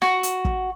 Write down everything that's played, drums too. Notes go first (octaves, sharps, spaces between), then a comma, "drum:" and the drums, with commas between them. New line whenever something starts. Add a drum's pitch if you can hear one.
F#4, drum: snare
drum: hi-hat
drum: kick